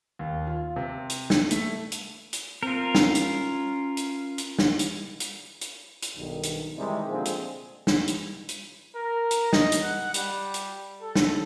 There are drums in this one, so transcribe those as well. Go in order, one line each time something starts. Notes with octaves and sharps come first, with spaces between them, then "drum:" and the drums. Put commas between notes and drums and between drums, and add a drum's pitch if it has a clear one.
D#2
F4
C3
drum: hi-hat
drum: snare
A3, drum: hi-hat
drum: hi-hat
drum: hi-hat
C4 F4 A#4
C#4, drum: snare
drum: hi-hat
drum: hi-hat
drum: hi-hat
drum: snare
drum: hi-hat
drum: hi-hat
drum: hi-hat
drum: hi-hat
B1 G2 D#3
drum: hi-hat
C3 D#3 E3 G3 G#3
A#2 D3 F3 G#3 C4 G#4
drum: hi-hat
drum: snare
drum: hi-hat
drum: hi-hat
A#4
drum: hi-hat
D#5, drum: snare
drum: hi-hat
F#5
G3, drum: hi-hat
drum: hi-hat
A4
drum: snare